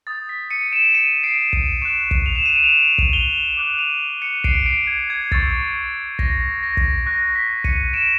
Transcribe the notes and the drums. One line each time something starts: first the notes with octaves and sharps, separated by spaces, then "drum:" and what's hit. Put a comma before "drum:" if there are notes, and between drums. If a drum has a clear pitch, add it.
D#6 G6 A6
B6
C#7 D#7
D7 E7
C#7 D#7
C7 D7
D7 E7, drum: kick
C#6 F#6 D7 E7
drum: kick
F7
E7
D#7
D7 E7
F7
D7 E7
drum: kick
F7 G7
D6 F#6
D#7 F7
C#7 D#7
C7 D7, drum: kick
C7 D7
G#6
G#6
C#6 E6 G6 A6, drum: kick
A#6, drum: kick
A#6
drum: kick
C#6 F#6 A#6
B6
C#7 D#7, drum: kick
D7 E7